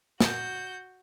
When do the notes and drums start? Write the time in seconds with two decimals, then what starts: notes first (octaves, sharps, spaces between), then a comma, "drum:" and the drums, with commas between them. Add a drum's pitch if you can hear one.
0.20 F#4 G6, drum: snare